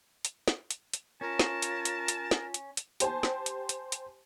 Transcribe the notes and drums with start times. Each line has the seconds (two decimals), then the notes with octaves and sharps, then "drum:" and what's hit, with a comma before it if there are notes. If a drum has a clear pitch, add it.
0.25 drum: hi-hat
0.48 drum: snare
0.71 drum: hi-hat
0.94 drum: hi-hat
1.21 C#4 F4 A#4 A5
1.39 drum: snare
1.62 drum: hi-hat
1.85 drum: hi-hat
2.08 drum: hi-hat
2.31 drum: snare
2.54 drum: hi-hat
2.77 drum: hi-hat
3.00 G4 C5 G#5 A5, drum: hi-hat
3.23 drum: snare
3.46 drum: hi-hat
3.69 drum: hi-hat
3.92 drum: hi-hat